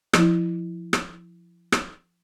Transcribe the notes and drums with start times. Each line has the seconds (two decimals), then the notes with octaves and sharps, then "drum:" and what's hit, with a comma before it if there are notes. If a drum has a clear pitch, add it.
0.13 F3 E4, drum: rim click
0.93 drum: rim click
1.72 drum: rim click